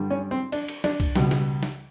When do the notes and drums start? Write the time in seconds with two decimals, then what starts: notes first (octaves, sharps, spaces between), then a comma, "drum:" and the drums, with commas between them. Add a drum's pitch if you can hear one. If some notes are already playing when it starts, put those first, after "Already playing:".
Already playing: G2 D3 G3
0.11 C#4
0.31 C4
0.52 D4, drum: cymbal
0.68 drum: cymbal
0.84 D4, drum: snare
1.00 drum: kick C2, cymbal
1.15 C#2 B2 G3, drum: snare
1.31 drum: snare
1.63 drum: snare